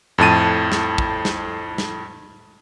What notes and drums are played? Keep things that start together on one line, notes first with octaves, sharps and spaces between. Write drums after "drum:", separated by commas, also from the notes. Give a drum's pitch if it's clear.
F2 A2 A5 D#7
drum: snare
drum: kick
drum: snare
drum: snare